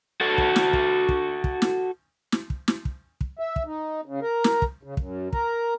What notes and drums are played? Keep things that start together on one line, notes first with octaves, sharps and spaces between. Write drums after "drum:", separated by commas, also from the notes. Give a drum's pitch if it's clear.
F#4 A4
drum: kick
drum: snare
drum: kick
drum: kick
drum: kick
drum: snare
drum: snare
drum: kick
drum: snare
drum: kick
drum: kick
E5
drum: kick
D#4
C#3
A#4
drum: snare
drum: kick
C#3
F#2, drum: kick
A#4, drum: kick